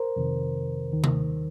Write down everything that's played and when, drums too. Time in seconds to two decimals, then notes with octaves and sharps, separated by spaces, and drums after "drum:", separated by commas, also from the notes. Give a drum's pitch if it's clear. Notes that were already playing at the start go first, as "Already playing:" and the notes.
Already playing: A#4 C5
0.16 F2 C3 D#3
0.92 D#2 D#3
1.04 drum: tom C3